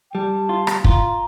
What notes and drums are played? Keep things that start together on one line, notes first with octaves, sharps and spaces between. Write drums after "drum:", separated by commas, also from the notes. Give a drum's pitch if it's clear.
G5
G3 A5
F4
drum: rim click
F4 A#5, drum: kick